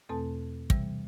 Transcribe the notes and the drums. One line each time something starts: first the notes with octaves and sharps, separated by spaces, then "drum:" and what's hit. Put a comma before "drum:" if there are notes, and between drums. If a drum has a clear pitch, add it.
E2 B2 A3 C4 A4 A5
C3 E3 G3, drum: kick